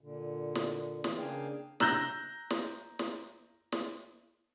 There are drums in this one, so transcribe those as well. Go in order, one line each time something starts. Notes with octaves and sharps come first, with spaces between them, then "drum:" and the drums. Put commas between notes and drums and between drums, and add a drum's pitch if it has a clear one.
A#2 D3
drum: snare
E3, drum: snare
C#3 A#3 D4 G#4 F5 G5
A#5 E6 F#6 G6 A#6, drum: snare
drum: snare
drum: snare
drum: snare